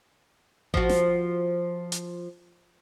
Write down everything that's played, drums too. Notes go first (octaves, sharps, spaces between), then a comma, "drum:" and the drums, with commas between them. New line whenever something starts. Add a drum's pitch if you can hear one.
F3 F#4, drum: kick A1
drum: snare
drum: hi-hat